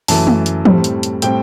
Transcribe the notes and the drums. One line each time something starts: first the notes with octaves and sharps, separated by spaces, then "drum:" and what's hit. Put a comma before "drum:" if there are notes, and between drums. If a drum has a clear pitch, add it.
F#2 E3 A3 A5, drum: open hi-hat
drum: tom
drum: hi-hat
A2 G3 C4, drum: tom
drum: hi-hat
drum: hi-hat
A2 G3 C4 G5, drum: hi-hat